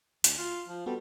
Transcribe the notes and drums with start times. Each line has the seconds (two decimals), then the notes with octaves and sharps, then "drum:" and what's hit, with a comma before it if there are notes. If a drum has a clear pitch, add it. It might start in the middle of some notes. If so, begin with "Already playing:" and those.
0.24 D2, drum: hi-hat
0.37 F4
0.68 F3
0.86 G3 B3 F#4 A4